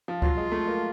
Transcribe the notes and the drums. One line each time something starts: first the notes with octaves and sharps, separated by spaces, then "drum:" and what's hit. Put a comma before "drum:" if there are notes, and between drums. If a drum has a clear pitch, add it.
F3
F#3 F4, drum: kick C#2
G#3
A3
A#3